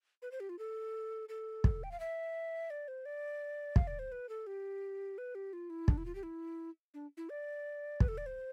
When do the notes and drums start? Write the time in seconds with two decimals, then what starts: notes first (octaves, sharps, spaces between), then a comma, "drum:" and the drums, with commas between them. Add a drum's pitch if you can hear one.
0.22 B4
0.32 C5
0.40 G4
0.49 F4
0.59 A4
1.29 A4
1.64 drum: kick
1.83 G5
1.91 F5
2.00 E5
2.70 D5
2.88 C5
3.06 D5
3.76 F5, drum: kick
3.87 D5
3.99 C5
4.12 B4
4.29 A4
4.47 G4
5.18 B4
5.35 G4
5.53 F4
5.70 E4
5.88 D4, drum: kick
5.98 E4
6.06 F4
6.15 G4
6.23 E4
6.94 D4
7.17 E4
7.30 D5
8.00 B4, drum: kick
8.08 A4
8.18 D5
8.26 C5